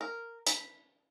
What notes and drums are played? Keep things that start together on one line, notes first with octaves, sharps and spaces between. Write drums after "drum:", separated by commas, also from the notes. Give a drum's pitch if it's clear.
A#4
B5, drum: hi-hat